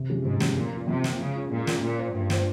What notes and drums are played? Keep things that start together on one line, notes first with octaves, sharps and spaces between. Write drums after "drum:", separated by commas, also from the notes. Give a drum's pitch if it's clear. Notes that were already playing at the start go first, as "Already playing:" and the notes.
Already playing: C3
F3 G#3 C#4 G4
G#2 C3
F3 G#3 C#4 G4, drum: snare
A#2 F3
A#3 F4
C3 F3
A#3 F4, drum: snare
C#3 G#3
C#4 F4
A#2 G#3
C#4 F4, drum: snare
A#2 A#3
F4 C5
G2 A#3
F4 C5, drum: snare